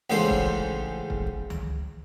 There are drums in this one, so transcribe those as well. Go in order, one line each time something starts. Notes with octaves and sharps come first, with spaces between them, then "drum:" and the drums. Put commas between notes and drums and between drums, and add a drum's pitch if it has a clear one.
A1 G#2 C#3 G#3 C5
drum: kick
drum: kick
drum: tom C#2